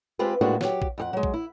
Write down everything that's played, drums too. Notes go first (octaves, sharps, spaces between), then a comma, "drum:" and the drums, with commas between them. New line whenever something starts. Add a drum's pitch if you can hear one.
G#3 C4 F4 G4 B4
A2 G#3 A#3 D4 F4 F#4
F#3 G4, drum: snare
drum: kick A#1
F2 G4 F#5
F#3 G#3
drum: kick A#1
E4